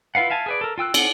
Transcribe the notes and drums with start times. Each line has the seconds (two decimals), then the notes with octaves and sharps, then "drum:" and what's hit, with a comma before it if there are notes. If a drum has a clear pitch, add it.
0.15 E4 F4 B4 F5 F#5
0.30 E5 F5 G#5 A5
0.46 G#4 B4 D5
0.61 A4 A#4
0.78 F4 G5 E6 F#6
0.94 C4 F#5, drum: cymbal